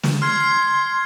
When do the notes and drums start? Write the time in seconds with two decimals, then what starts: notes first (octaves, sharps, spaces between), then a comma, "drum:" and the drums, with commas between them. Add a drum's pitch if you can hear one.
0.03 drum: snare
0.22 C6 F6 G#6 C7
0.40 C7
0.52 F6